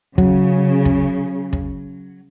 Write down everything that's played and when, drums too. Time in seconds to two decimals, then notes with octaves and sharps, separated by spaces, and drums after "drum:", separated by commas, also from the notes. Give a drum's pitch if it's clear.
0.18 C#3 F#3, drum: kick
0.85 drum: kick
1.53 drum: kick